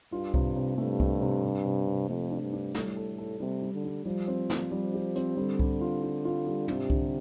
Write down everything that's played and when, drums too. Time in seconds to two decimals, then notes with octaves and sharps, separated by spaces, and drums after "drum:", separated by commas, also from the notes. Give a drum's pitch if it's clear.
0.12 G2 F4
0.34 C3, drum: kick C2
0.56 C3
0.78 G2 A3
1.00 A3, drum: kick C2
1.21 C3
1.43 C3
1.65 C3
1.87 C3
2.09 F2 A3
2.31 D4
2.42 G2
2.53 D4
2.75 A2 G3, drum: snare
2.97 A4
3.18 A4
3.40 C3 G3
3.62 G3
3.74 D3
3.84 G3
4.05 F3 G3
4.28 C4
4.50 G3, drum: snare
4.71 G3
4.94 G4
5.15 C4, drum: hi-hat
5.37 D3 G3
5.59 G3, drum: kick C2
5.81 F4
6.03 F4
6.25 F4
6.46 G3
6.68 C3 D4, drum: tom
6.90 D3, drum: kick C2